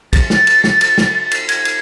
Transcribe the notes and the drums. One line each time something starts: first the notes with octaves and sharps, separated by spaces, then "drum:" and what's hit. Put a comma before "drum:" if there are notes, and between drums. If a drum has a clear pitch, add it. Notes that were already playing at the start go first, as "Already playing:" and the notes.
A6, drum: kick, cymbal
drum: snare
drum: cymbal
drum: snare
drum: cymbal
drum: snare
drum: cymbal
G#6, drum: cymbal
drum: cymbal